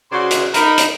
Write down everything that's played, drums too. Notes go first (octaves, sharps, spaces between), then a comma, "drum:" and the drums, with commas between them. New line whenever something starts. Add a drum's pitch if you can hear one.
C#3 F#4 C5 D5 C6
drum: hi-hat
D#4 A#4 B5, drum: hi-hat
drum: hi-hat